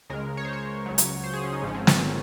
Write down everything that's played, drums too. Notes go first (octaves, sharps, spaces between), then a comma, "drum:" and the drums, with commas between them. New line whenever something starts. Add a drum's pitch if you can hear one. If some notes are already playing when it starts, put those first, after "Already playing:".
C#2 C#3 G#3 A#4
C#5
C5
C#5
C#2 C#3 F#3
drum: hi-hat
C5
G#4
C#4
D#4
G#1 G#2 F3 C#4
C4
A#3, drum: snare
C#4
C4